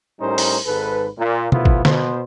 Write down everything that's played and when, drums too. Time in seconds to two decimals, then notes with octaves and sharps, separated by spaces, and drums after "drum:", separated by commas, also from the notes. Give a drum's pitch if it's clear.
0.21 A2 G3 C#4 D#4 A#4 C5
0.38 drum: open hi-hat
0.66 G#1 G#2 A4 B4
1.18 A#2
1.52 D#2 F3 A3 B3 E4 F4, drum: tom B2
1.65 drum: kick
1.85 B2 B3 C5, drum: snare D3